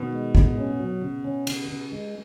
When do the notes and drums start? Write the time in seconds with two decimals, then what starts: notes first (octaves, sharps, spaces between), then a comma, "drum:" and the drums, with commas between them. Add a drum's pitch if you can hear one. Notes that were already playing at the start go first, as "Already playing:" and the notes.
Already playing: B2 D#3
0.13 G#3
0.35 B3, drum: kick
0.58 C#4
0.80 F#3
1.02 C#3
1.24 C#4
1.47 C#3, drum: cymbal
1.69 C#3
1.92 G#3